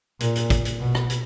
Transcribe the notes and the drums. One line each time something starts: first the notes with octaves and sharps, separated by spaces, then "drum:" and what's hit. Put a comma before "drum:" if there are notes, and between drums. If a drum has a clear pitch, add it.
A#2, drum: hi-hat
drum: hi-hat
drum: kick, hi-hat
drum: hi-hat
B2
drum: rim click
drum: hi-hat